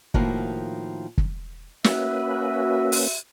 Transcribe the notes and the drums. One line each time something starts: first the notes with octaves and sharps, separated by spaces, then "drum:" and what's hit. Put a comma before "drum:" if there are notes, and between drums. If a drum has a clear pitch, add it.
A2 D#3 F3 A#3 E4 F#4, drum: kick
drum: kick
A#3 C#4 F#4 B4 E5, drum: snare
drum: open hi-hat